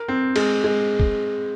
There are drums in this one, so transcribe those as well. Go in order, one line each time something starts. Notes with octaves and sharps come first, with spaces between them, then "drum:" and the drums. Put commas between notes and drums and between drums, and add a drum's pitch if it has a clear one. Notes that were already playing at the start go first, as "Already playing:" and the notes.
Already playing: A#4
C4
G#3, drum: cymbal
G#3
drum: kick E1